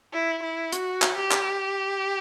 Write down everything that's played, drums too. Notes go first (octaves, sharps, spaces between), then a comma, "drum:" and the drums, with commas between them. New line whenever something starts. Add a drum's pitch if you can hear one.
E4
E4
F#4, drum: hi-hat
drum: clap
G4
drum: clap